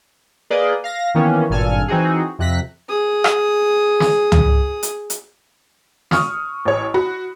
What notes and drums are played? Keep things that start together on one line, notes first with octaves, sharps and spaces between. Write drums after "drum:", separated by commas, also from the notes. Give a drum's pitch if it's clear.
A#3 G#4 B4 D5 D#5
F5 A#6
D#3 E3 A#3 B3 C#4
G#1 G2 A#2 A4 G#5 F6
E3 C4 D#4 F#4 G#4
F2 C3 F#6 A#6 B6
G#4 D#6
drum: rim click
drum: snare
drum: tom
drum: hi-hat
drum: hi-hat
C#6 D#6 F6, drum: snare
A1 C#5
F#4 B5